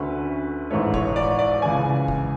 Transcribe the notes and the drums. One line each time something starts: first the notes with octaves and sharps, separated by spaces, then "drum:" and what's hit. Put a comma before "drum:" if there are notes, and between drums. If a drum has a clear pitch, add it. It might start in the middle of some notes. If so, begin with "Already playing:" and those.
Already playing: D2 D3 A3 C#4 B4
A1 G#2 E3 A3 C#5
C#5, drum: kick F1
D5
D5
C#2 C#3 E3 G#5
drum: kick F1